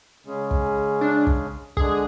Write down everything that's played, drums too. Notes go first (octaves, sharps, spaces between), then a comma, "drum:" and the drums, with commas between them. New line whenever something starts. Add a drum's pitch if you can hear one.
C#3 G#3 C#4 G#4
drum: kick
D4
drum: kick
D3 G#3 D4 G#4, drum: kick